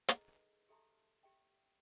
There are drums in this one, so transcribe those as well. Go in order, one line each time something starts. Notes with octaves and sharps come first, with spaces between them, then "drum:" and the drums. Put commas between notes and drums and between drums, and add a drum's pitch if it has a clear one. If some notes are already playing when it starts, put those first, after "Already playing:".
D#4 G#4 A4 B4 D#5 A#5, drum: hi-hat
G4 A4 E5 A5 A#5 C6
G4 E5 G5